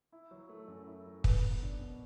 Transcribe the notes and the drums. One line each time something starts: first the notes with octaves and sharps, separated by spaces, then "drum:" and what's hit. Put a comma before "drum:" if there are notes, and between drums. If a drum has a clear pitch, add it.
E4
F#3
A3
F#2
E4
F#3
B4, drum: kick
B3
D4
B2